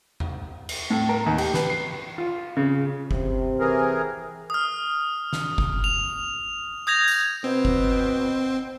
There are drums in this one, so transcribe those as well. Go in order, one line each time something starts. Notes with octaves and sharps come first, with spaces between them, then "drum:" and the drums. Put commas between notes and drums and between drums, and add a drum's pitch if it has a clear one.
drum: tom E2
drum: cymbal
A2
A#4
D#2
G4, drum: cymbal
B4, drum: snare
C7
F4
C#3
C3, drum: kick F#1
E3 G#4 A#4
D#6 F6
drum: snare
drum: kick F#1
F7
D#6 G6 G#6 A#6 F7
drum: tambourine
B2 C4
drum: kick F#1